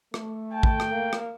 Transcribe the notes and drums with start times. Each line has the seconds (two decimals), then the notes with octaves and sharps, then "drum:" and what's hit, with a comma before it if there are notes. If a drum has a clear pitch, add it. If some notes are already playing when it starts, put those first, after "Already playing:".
0.14 A3, drum: rim click
0.53 G5 A5
0.63 drum: kick
0.80 drum: rim click
0.90 A#3
1.13 drum: rim click